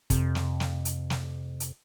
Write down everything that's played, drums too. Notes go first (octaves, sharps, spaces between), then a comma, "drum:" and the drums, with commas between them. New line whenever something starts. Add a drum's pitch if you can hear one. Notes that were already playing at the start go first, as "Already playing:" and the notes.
F2 C3, drum: kick, hi-hat
drum: snare
drum: snare
drum: hi-hat
drum: snare
drum: hi-hat